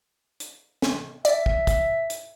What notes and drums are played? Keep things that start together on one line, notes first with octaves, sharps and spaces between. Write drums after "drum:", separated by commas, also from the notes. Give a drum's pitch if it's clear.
drum: hi-hat
drum: snare
D5 E5, drum: hi-hat
drum: kick
drum: kick, hi-hat
drum: hi-hat